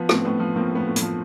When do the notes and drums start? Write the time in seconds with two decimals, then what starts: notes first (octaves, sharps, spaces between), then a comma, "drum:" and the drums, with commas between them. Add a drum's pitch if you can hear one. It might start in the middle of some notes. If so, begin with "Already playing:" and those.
Already playing: F3 B3
0.09 A2 C4, drum: rim click
0.24 A2 B3
0.40 F3
0.56 F3 A#3 C4
0.71 A2 B3
0.87 A2
0.96 B3, drum: hi-hat
1.01 F3